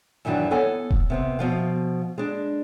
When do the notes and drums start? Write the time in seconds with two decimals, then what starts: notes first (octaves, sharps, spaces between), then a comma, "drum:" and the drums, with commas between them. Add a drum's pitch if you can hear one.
0.25 F#2 D#3 E3 F#3 D4
0.51 B3 A4 C#5 F#5 G#5
0.91 drum: kick D#1
1.10 C3 B3 C4
1.39 B2 F3 F5
2.18 G#3 D4